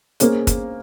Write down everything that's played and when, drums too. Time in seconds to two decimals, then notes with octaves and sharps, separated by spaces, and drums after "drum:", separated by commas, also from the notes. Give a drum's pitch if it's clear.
0.20 A#3 C#4 G#4 C5, drum: hi-hat
0.47 drum: kick, hi-hat